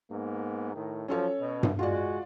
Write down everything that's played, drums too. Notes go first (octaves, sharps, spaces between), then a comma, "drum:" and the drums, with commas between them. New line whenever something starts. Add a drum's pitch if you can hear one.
G#2 A#3 B3
A2 D#3
F3 F#3 C#4 A4 C#5
B2
drum: tom G2
G#3 F4 F#4 D5